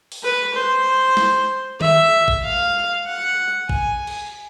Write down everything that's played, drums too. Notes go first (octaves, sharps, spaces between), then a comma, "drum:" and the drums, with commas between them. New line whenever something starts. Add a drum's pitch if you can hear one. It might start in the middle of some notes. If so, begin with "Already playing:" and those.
drum: open hi-hat
B4
C5
drum: snare
E5, drum: tom D#3
drum: kick A1
F5
F#5
G#5, drum: kick A1
drum: cymbal